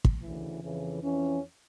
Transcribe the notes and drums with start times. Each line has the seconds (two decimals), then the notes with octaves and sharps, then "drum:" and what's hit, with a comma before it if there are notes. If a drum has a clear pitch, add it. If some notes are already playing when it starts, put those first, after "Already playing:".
0.05 drum: kick
0.22 D2 C#3 E3
0.63 F2 C#3 E3
1.03 F2 E3 C#4